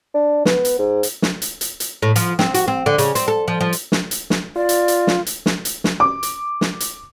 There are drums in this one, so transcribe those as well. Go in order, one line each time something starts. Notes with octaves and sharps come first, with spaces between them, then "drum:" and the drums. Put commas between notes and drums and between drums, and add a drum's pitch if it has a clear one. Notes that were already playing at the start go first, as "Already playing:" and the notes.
D4
B3, drum: snare
drum: hi-hat
G#2
drum: hi-hat
drum: snare
drum: hi-hat
drum: hi-hat
drum: hi-hat
A2
F3, drum: hi-hat
C4, drum: snare
F#4, drum: hi-hat
C4
D3
C#3, drum: hi-hat
C4, drum: hi-hat
A4
F3
F3
drum: hi-hat
drum: snare
drum: hi-hat
drum: snare
F4 D5
drum: hi-hat
drum: hi-hat
drum: snare
drum: hi-hat
drum: snare
drum: hi-hat
drum: snare
D6
drum: hi-hat
drum: snare
drum: hi-hat